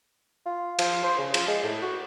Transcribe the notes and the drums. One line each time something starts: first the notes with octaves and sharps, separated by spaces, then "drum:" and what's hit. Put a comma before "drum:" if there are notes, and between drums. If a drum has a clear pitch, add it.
F4
F3, drum: cymbal
C5
C#3
F3, drum: cymbal
G#3
A2
F#4